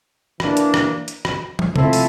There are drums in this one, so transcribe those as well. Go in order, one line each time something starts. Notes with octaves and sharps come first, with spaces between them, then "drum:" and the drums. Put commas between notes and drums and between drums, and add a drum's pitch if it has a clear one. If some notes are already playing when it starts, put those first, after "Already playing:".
E3 A#3 D4, drum: rim click
drum: hi-hat
drum: rim click
drum: hi-hat
drum: rim click
drum: tom
F3 A3 C4 E4 A4, drum: tom C3
drum: open hi-hat